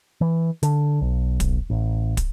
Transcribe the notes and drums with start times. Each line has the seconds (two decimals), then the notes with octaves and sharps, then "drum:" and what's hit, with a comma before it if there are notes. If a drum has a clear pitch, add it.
0.21 E3
0.63 D3, drum: hi-hat
1.01 B1
1.40 drum: kick, hi-hat
1.70 A1
2.17 drum: kick, hi-hat